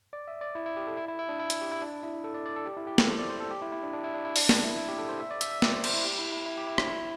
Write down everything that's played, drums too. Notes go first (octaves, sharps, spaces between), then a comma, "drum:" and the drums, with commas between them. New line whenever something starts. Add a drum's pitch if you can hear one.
D5
E5
D5
E4
E4
G4
A4
E4
E4
E4
D4
E4
E4, drum: hi-hat
G4
E4
D4
E4
A4
D5
D5
A4
G4
E4
G4
A4, drum: snare
C5
D5
C5
A4
G4
E4
E4
D4
D4
E4
D4
E4
D4, drum: open hi-hat
D4, drum: snare
E4
E4
G4
A4
C5
E5
D5
E5, drum: hi-hat
E5
D5, drum: snare
C5
C5, drum: cymbal
E4
G4
E4
E4
E4
G4
E4
D4, drum: rim click
E4